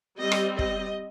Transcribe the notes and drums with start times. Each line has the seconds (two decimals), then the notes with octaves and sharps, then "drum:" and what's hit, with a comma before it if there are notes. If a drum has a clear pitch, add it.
0.18 G3 C4 D#5
0.32 drum: rim click
0.59 D#5, drum: kick